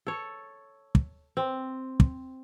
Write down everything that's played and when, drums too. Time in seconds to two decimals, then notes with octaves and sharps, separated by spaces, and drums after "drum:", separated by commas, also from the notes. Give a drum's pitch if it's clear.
0.07 A4 C#5
0.95 drum: kick
1.37 C4
2.00 drum: kick